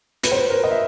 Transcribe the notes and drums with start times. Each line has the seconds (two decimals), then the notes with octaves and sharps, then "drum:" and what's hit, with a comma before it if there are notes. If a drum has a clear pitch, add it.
0.23 B4, drum: hi-hat
0.32 C5
0.37 B4
0.50 A#4
0.64 D#5
0.71 E5